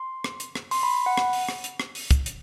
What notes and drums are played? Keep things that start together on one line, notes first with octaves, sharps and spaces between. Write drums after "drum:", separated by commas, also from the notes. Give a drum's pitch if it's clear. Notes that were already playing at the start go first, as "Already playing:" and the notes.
Already playing: C6
drum: rim click
drum: hi-hat
drum: rim click
C6, drum: open hi-hat
B5
B5
F#5
drum: rim click
drum: open hi-hat
drum: rim click
drum: hi-hat
drum: rim click
drum: open hi-hat
drum: kick, hi-hat
drum: hi-hat